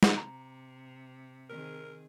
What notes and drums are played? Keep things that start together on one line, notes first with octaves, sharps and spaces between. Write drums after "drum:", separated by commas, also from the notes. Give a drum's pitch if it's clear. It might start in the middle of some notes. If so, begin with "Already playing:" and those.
drum: snare
C3 A#5
D#3 C4 G#4 A#4